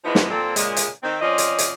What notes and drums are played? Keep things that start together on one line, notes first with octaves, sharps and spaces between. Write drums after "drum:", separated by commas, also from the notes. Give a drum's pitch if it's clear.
E3 F3 G#3 B3 D#4 E4
drum: snare
A#2 C4 A4
A#2 C#3 G#3, drum: hi-hat
drum: hi-hat
D#3 C4
F3 C4 C#4 D5 D#5
drum: hi-hat
drum: hi-hat